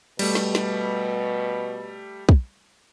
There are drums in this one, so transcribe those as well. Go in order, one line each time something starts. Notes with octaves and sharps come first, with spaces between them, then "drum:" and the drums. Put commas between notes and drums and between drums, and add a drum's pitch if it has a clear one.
B2 G3 A3, drum: cymbal
drum: snare
drum: snare
drum: kick